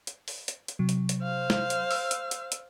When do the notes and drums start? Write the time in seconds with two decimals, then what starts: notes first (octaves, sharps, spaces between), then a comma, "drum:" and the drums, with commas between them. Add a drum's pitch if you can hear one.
0.07 drum: hi-hat
0.28 drum: open hi-hat
0.48 drum: hi-hat
0.68 drum: hi-hat
0.79 C3 F#3
0.89 drum: hi-hat
1.09 drum: hi-hat
1.22 C5 F5
1.50 drum: snare
1.70 drum: hi-hat
1.91 E6, drum: open hi-hat
2.11 drum: hi-hat
2.31 drum: hi-hat
2.52 drum: hi-hat